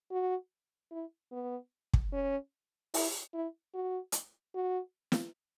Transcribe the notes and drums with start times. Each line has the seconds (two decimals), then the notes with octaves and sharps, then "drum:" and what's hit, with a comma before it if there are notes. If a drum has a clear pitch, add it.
0.11 F#4
0.92 E4
1.32 B3
1.94 drum: kick
2.12 C#4
2.94 E4, drum: open hi-hat
3.34 E4
3.74 F#4
4.12 drum: hi-hat
4.55 F#4
5.12 drum: snare